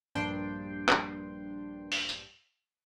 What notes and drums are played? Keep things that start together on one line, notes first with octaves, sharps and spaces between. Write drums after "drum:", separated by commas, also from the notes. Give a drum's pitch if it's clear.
A#1 G2 D4 G5 C6
drum: clap
drum: open hi-hat
drum: tambourine